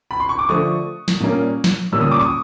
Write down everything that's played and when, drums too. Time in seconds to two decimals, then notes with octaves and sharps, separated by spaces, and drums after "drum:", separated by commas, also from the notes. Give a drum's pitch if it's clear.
0.11 B5
0.20 C6
0.29 C#6
0.39 D6
0.49 D3 F3 A3 D4 C#6 D#6
1.08 drum: snare
1.20 A#2 G3 A#3 C#4
1.64 drum: snare
1.92 A#2 G3 A#3 C#4 E6
2.01 D#6, drum: tom C#3
2.11 D6
2.20 C#6 D#6